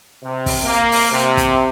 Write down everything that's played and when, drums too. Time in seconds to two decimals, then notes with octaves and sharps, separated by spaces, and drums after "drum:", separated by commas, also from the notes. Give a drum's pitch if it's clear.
0.23 C3
0.46 drum: kick, open hi-hat
0.64 A#3
0.92 drum: open hi-hat
1.12 C3
1.37 drum: kick, hi-hat